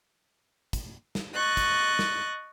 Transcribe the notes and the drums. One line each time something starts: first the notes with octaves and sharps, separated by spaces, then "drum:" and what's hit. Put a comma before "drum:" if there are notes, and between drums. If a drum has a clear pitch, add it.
drum: kick, hi-hat
drum: snare
D#5 C#6 F#6 A6
drum: kick, hi-hat
drum: snare